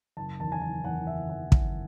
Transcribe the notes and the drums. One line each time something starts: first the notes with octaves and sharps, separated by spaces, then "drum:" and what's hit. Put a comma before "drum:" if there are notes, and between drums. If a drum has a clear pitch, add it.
F#1 A5
E2 D#3 A5
G#5
F#1 A5
E2 D#3 F#5
F#1 E5
E2 D#3 F#5
F#1, drum: kick